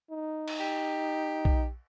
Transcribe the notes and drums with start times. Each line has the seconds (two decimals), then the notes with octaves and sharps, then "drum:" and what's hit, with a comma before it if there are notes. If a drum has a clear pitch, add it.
0.11 D#4
0.48 drum: cymbal
0.60 G4
1.45 drum: kick